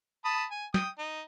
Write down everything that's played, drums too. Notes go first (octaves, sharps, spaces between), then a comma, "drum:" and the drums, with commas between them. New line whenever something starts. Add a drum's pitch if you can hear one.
A5 B5 D#6
G#5
G5 D#6, drum: snare
D#4